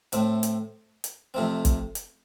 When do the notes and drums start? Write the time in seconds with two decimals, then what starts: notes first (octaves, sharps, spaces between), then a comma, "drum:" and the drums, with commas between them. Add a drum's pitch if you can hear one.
0.13 A2 A3 C4, drum: hi-hat
0.43 drum: hi-hat
1.04 drum: hi-hat
1.34 F2 C3 A3 C4
1.65 drum: kick, hi-hat
1.95 drum: hi-hat